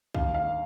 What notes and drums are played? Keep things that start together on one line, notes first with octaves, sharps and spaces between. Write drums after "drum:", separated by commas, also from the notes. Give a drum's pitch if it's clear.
D#2 F5, drum: kick
F5